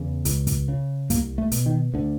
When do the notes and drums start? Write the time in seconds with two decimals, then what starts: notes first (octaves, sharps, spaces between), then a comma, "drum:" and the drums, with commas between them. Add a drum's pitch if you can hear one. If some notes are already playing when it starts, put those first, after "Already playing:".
Already playing: E2 C#3
0.25 C#2, drum: hi-hat
0.47 drum: kick, hi-hat
0.68 C#3
1.10 C2 A#3, drum: kick, hi-hat
1.38 A3
1.52 B2, drum: hi-hat
1.66 D#3
1.94 D2 D3